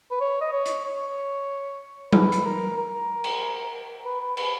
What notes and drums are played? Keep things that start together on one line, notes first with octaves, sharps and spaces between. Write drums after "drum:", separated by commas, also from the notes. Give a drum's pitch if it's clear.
B4
C#5
D#5
C#5
drum: hi-hat
C#5
B4, drum: tom F#3
drum: hi-hat
A#4
A#4
drum: cymbal
B4
B4
B4, drum: cymbal